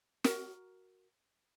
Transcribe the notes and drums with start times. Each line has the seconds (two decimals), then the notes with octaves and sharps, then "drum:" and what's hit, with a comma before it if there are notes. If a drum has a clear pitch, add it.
0.24 F#4 A#4, drum: snare